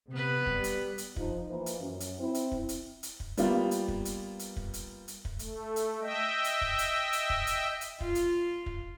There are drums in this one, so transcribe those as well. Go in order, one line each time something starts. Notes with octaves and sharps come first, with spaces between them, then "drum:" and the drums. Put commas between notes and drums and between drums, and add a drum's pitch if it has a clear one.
C3 B3 B4
G3, drum: kick
drum: hi-hat
drum: hi-hat
F3 D#4, drum: kick
E3 F3 A#3
drum: hi-hat
F#2
drum: hi-hat
C4 E4
drum: hi-hat
drum: kick
drum: hi-hat
drum: hi-hat
drum: kick
G3 A#3 B3 F4, drum: hi-hat
drum: hi-hat
drum: kick
drum: hi-hat
drum: hi-hat
drum: kick
drum: hi-hat
drum: hi-hat
drum: kick
A3, drum: hi-hat
drum: hi-hat
D#5 E5 G5
drum: hi-hat
drum: kick
drum: hi-hat
drum: hi-hat
drum: kick
drum: hi-hat
drum: hi-hat
F4, drum: kick
drum: hi-hat
drum: kick